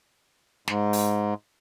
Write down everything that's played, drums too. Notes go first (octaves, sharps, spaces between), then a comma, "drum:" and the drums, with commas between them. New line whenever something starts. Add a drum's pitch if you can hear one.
G#2, drum: snare
drum: open hi-hat